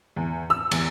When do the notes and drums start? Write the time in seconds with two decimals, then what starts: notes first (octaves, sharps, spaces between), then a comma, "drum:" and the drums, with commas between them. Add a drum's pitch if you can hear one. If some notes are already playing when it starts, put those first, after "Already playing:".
0.16 E2
0.50 E6
0.71 E2, drum: cymbal